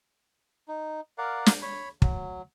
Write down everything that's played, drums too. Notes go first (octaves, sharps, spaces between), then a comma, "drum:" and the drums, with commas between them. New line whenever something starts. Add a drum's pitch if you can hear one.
D#4
A#4 D5 F5 F#5
drum: snare
C#5 B5
F#3, drum: kick